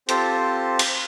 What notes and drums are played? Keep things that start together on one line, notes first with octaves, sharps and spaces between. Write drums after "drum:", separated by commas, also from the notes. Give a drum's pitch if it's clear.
C4 F4 G4 A4 C5, drum: hi-hat
drum: cymbal